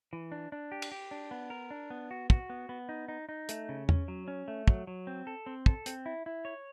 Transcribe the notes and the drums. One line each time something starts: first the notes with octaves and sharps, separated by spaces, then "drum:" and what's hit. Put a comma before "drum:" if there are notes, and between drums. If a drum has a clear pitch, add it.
E3
D4
D4
G4
drum: cymbal
G4
D4
B3
A#4
D4
B3
F#4
F#4, drum: kick
B3
B3
D#4
D#4
D#4
A3, drum: hi-hat
C#3
C#4, drum: tom E2
F#3
C#4
A3
F#3, drum: kick
F#3
C4
A4
C4
A4, drum: kick
C4, drum: hi-hat
E4
E4
C#5